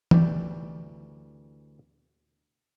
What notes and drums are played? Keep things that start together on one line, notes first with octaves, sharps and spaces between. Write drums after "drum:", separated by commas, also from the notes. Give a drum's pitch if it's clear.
D2 E3 G4 D5, drum: tom